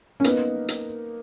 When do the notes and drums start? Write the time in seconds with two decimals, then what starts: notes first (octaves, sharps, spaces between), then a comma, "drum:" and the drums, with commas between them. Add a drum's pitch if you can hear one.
0.20 C#4
0.24 A#3 B3 D#4 A#4, drum: hi-hat
0.68 drum: hi-hat